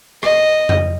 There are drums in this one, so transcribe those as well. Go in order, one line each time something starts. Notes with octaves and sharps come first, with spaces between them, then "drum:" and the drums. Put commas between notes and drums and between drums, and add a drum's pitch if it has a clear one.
D#5, drum: rim click
drum: tom F2